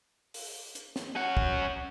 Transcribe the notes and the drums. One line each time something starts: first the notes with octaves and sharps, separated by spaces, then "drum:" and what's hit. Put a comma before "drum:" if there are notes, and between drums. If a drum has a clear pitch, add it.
drum: open hi-hat
drum: hi-hat
drum: snare
C#4 F#5
drum: kick